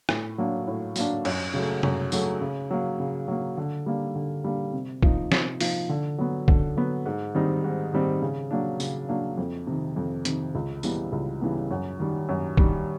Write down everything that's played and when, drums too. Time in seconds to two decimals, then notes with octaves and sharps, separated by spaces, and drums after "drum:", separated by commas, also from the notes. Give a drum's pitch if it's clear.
0.09 A2, drum: rim click
0.38 F#3 A#3 D4
0.67 A2
0.96 F#3 A#3 D4, drum: tambourine
1.25 F#2, drum: cymbal
1.54 C#3 F#3 A3
1.83 F#2, drum: tom C3
2.12 C#3 F#3 A3, drum: tambourine
2.41 C#3
2.71 F#3 A#3
3.00 C#3
3.28 F#3 A#3
3.57 D3
3.86 G3 A#3 D4
4.15 D3
4.44 G3 A#3 D4
4.73 C3
5.03 F3 A#3 D#4, drum: kick
5.32 C3, drum: snare
5.61 F3 A#3 D#4, drum: open hi-hat
5.89 D3
6.18 F#3 B3
6.48 D3, drum: kick
6.77 F#3 B3
7.06 G#2
7.35 D#3 G3 C4 D#4
7.64 G#2
7.93 D#3 G3 C4 D#4
8.22 C#3
8.51 F#3 A#3 D4
8.80 C#3, drum: tambourine
9.09 F#3 A#3 D4
9.37 F2
9.67 C3 D#3
9.96 F2
10.25 C3 D#3, drum: hi-hat
10.55 C#2
10.83 C#3 E3 G3 B3, drum: tambourine
11.12 C#2
11.41 C#3 E3 G3 B3
11.71 F#2
12.00 D#3 G3
12.29 F#2
12.57 D#3 G3, drum: kick